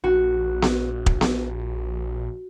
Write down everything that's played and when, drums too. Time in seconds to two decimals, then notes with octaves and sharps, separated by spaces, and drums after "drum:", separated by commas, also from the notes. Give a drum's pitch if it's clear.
0.04 A#1 F#4
0.62 drum: snare B3
1.06 drum: kick
1.21 drum: snare B3